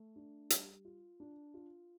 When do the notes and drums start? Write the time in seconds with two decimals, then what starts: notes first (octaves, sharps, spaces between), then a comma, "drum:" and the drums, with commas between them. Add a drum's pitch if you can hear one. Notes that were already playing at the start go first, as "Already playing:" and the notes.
Already playing: A3
0.16 D4
0.50 G3, drum: hi-hat
0.85 F4
1.20 D4
1.54 F4